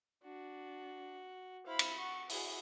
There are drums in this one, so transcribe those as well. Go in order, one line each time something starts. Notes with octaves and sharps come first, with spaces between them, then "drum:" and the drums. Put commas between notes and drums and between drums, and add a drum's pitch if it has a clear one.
D4 F#4
E4 C5 F5 B5
drum: cymbal
F#5 C#6
E4 F#4 G#4, drum: open hi-hat